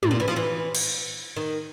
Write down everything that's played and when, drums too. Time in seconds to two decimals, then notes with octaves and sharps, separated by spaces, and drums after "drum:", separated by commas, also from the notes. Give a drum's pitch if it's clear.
0.03 A2, drum: tom
0.11 A#2
0.20 E3
0.28 F3
0.36 E3
0.75 drum: cymbal
1.36 D#3